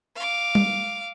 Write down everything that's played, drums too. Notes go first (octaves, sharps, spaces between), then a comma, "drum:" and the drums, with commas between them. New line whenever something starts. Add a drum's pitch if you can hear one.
F5 D6
drum: tom G3